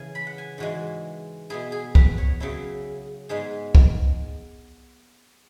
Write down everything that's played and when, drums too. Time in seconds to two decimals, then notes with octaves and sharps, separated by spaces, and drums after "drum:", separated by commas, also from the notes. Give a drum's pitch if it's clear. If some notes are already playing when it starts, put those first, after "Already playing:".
Already playing: C#3 E3 C#4 G#5
0.15 B5
0.27 F#5
0.38 G#5
0.58 G#2 E3 G#3 F#4
1.50 B2 B3 E4 G#4
1.72 G#4
1.95 B4, drum: kick C2
2.18 C#5
2.40 C#3 F#3 C#4 E4
3.29 G#2 G#3 B3 G#4
3.75 drum: kick C2